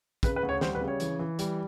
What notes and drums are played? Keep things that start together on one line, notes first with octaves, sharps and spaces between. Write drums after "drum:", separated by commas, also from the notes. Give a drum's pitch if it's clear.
C#3 B4, drum: kick, hi-hat
B4
D2
C#5
G3 C5, drum: snare
B4
C#3
C#5
E3, drum: hi-hat
E3
G3, drum: hi-hat